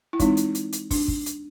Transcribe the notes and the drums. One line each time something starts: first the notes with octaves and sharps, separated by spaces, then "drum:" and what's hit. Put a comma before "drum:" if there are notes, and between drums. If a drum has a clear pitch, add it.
E4
E3 G#3 C4 D#4, drum: kick, hi-hat
drum: hi-hat
drum: hi-hat
drum: hi-hat
D4, drum: kick, open hi-hat
drum: kick
drum: hi-hat